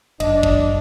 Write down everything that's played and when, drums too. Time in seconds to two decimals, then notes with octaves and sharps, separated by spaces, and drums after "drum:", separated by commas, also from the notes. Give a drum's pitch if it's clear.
0.20 F#1 D4 D#5, drum: cymbal
0.43 drum: kick